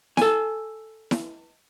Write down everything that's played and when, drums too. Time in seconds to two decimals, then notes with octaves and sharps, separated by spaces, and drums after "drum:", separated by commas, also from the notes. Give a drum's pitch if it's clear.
0.17 A4 G#5, drum: snare E4
1.11 drum: snare E4